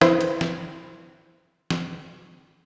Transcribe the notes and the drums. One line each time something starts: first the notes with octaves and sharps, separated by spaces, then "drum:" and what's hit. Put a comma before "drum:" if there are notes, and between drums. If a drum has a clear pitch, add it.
E4 B4 C5, drum: snare
drum: cymbal
drum: snare
drum: snare